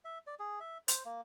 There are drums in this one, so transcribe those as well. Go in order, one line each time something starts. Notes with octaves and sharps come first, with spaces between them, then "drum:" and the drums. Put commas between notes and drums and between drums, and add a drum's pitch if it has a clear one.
E5
D5
G#4
E5
C5, drum: hi-hat
A#3